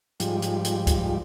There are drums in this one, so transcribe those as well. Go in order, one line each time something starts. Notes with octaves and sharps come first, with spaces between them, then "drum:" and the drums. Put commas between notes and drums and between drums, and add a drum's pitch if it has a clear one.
G#2 F3 G3, drum: hi-hat
drum: hi-hat
drum: hi-hat
drum: kick C#2, hi-hat